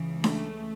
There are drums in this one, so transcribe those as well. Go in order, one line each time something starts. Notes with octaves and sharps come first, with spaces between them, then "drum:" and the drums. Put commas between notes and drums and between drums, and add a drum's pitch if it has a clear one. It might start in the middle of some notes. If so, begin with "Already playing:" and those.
Already playing: C#2 C#3 E3
A3, drum: snare D4